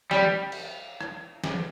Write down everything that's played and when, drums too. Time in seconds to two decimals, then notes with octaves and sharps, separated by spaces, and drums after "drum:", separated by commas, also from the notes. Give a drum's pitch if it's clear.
0.11 G3, drum: snare
0.52 drum: cymbal
1.01 drum: rim click
1.44 drum: snare